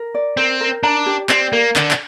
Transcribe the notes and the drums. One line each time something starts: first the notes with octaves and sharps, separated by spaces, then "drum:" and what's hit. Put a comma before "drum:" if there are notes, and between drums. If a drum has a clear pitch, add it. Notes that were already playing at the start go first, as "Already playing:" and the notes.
Already playing: A#4
D5
C4 A#4
A#4
D4 A#5
G4
C4 D5, drum: clap
A#3 A#4
D3 D4, drum: clap
drum: clap